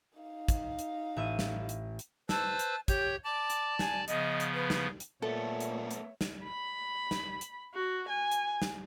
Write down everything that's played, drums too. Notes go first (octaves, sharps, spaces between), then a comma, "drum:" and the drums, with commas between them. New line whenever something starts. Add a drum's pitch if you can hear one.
D#4 F5
drum: kick, hi-hat
drum: hi-hat
A1 E5 D#7
drum: snare
drum: hi-hat
drum: hi-hat
B4 C5 A5 E6, drum: snare
drum: hi-hat
G4 C#5 G6, drum: kick, hi-hat
D5 A5 D6
drum: hi-hat
G#5, drum: snare
C#3 F3 B3 D#5, drum: hi-hat
drum: hi-hat
B4
drum: snare
drum: hi-hat
A#2 A3 B3 A4 C#5 E5
drum: hi-hat
drum: hi-hat
drum: snare
B5
drum: snare
drum: hi-hat
F#4
G#5
drum: hi-hat
drum: snare